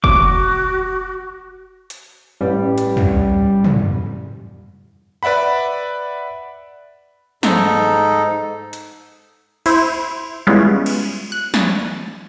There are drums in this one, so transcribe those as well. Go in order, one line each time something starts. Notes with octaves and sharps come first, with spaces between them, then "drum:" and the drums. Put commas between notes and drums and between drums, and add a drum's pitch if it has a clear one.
F#4 D6, drum: kick
drum: hi-hat
A1 G3 B4
drum: hi-hat
drum: tom
drum: tom
B4 D5 E5 F#5 B5
G#2 D#4 A4, drum: snare
drum: hi-hat
E4 C5, drum: cymbal
G3 G#3 B3 C#4 E4 F4
drum: cymbal
F#6
A6, drum: snare